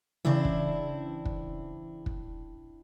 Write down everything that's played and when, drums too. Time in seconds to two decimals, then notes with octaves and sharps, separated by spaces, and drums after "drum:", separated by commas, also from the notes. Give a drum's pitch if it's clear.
0.25 C#3 E3 C4 D4 E4
0.45 drum: kick
1.25 drum: kick
2.06 drum: kick